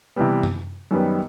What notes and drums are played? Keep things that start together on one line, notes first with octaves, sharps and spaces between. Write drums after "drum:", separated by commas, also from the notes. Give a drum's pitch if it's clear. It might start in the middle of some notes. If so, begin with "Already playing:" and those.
C3 E3 G3 B3
drum: tom F#2
F#2 D#3 G3 B3